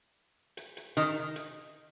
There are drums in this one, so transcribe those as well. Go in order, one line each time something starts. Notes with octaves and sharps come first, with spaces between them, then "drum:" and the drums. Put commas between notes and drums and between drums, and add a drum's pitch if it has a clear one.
drum: hi-hat
drum: hi-hat
D#3, drum: hi-hat
drum: hi-hat